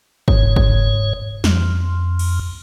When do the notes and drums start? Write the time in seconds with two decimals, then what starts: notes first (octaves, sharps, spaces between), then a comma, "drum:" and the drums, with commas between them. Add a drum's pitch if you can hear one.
0.28 G#2 C#5, drum: kick
0.56 drum: kick
1.44 F2, drum: snare
2.19 drum: cymbal